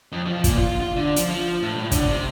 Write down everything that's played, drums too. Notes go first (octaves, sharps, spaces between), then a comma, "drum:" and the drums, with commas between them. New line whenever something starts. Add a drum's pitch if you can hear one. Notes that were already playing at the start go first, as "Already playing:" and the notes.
F2
F3
A#2, drum: kick, hi-hat
F4
F4
D3
F3, drum: hi-hat
F3
A2
A2
D3, drum: kick, hi-hat
C3